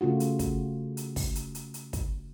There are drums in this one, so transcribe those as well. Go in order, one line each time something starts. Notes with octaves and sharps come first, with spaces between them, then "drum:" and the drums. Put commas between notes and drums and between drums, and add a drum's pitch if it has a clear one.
C#3 A3 F4 F#4
drum: hi-hat
drum: kick, hi-hat
drum: hi-hat
drum: kick, open hi-hat
drum: hi-hat
drum: hi-hat
drum: hi-hat
drum: kick, hi-hat